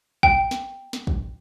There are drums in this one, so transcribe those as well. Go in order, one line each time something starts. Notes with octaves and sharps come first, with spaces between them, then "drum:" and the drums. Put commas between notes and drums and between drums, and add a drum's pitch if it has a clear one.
G5, drum: kick
drum: snare
drum: snare
drum: kick